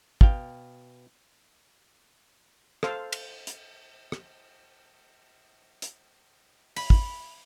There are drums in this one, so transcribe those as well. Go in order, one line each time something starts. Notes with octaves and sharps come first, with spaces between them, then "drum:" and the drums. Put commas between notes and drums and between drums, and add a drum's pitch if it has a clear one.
B2 F5 G5, drum: kick
A4 C5 F5, drum: rim click
drum: cymbal
drum: hi-hat
drum: rim click
drum: hi-hat
B5, drum: open hi-hat
drum: kick